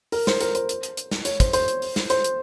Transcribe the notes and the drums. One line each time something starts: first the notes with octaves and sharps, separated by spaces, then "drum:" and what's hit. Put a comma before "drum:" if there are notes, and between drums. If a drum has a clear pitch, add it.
A#4, drum: open hi-hat
C5, drum: snare
A#4, drum: hi-hat
C5, drum: hi-hat
drum: hi-hat
drum: hi-hat
drum: hi-hat
drum: snare
C#5, drum: hi-hat
C5, drum: kick, hi-hat
C5, drum: hi-hat
drum: hi-hat
drum: open hi-hat
drum: snare
C5, drum: hi-hat
drum: hi-hat